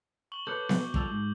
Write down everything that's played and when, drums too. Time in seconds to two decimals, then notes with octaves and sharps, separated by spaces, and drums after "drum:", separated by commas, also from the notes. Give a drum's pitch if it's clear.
0.32 C#6 F#7 G7
0.47 A4 B4 C#5 D6 G6
0.69 drum: snare B3
0.94 F3 G3 A4, drum: kick
1.10 G#2